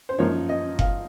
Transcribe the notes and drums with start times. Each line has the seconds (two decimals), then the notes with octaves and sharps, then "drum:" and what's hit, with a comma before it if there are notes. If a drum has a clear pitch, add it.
0.09 C5
0.19 F#2 F3 A#3 D#4 C#5
0.49 D#5
0.79 F5, drum: kick F#1